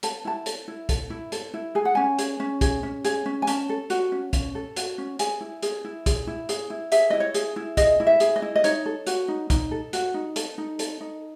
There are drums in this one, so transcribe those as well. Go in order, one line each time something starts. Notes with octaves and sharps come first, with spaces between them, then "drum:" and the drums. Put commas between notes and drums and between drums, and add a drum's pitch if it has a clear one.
A4 A5, drum: hi-hat
E4 A5
A4, drum: hi-hat
E4
A4, drum: kick, hi-hat
E4
A4, drum: hi-hat
E4
G#4 G#5
F#5
C#4 G#5
G#4, drum: hi-hat
C#4
G#4, drum: kick, hi-hat
C#4
G#4, drum: hi-hat
C#4
G#5
C#4 A5, drum: hi-hat
A4
F#4, drum: hi-hat
C#4
C#4, drum: kick, hi-hat
A4
F#4, drum: hi-hat
C#4
G#4 G#5, drum: hi-hat
E4
G#4, drum: hi-hat
E4
G#4, drum: kick, hi-hat
E4
G#4, drum: hi-hat
E4
G#4 E5, drum: hi-hat
E4 D#5
C#5
G#4, drum: hi-hat
E4
G#4 D#5, drum: kick, hi-hat
E4
E5
G#4, drum: hi-hat
D#5
E4
D#5
D#4 C#5, drum: hi-hat
A4
F#4, drum: hi-hat
D#4
D#4, drum: kick, hi-hat
A4
F#4, drum: hi-hat
D#4
A4, drum: hi-hat
D#4
A4, drum: hi-hat
D#4